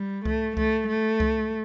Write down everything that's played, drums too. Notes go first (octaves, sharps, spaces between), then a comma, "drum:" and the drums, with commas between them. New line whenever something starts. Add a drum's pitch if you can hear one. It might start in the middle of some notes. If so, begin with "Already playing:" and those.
Already playing: G3
A3, drum: kick C2
A3, drum: kick C2
A3
drum: kick C2